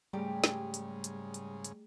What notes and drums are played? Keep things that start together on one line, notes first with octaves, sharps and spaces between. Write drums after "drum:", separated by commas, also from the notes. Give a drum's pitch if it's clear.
G#2 C#3 G3 A3 G4 G#4 A#5
drum: snare
drum: hi-hat
drum: hi-hat
drum: hi-hat
drum: hi-hat